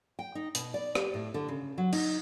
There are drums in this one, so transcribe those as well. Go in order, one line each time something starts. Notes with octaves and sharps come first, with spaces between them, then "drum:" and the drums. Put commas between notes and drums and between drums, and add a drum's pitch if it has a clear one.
G5
D#4
B2, drum: hi-hat
D5
G4, drum: rim click
A2
D3
C#3
F#3
D#4, drum: cymbal